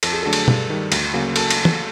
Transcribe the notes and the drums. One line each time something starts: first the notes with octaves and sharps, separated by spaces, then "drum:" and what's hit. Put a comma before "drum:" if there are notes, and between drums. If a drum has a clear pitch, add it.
F2 A4, drum: cymbal
G#4
D3 F#3 A3 D4 A4
drum: cymbal
G2, drum: tom
D#3 G3
D2, drum: cymbal
C#3 F#3 A#3
A4, drum: cymbal
drum: cymbal
drum: tom